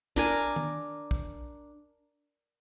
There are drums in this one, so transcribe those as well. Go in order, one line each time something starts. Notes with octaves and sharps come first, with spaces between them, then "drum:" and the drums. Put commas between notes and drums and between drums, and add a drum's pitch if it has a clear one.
D4 A#4 G#5, drum: kick
drum: tom
drum: kick